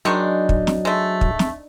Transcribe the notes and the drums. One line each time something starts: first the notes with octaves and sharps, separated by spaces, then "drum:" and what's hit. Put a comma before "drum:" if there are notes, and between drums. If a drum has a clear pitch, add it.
D#3 F#3 G#3 D4 D#4 C#6
drum: kick
drum: snare
G#3 A3
drum: kick
drum: snare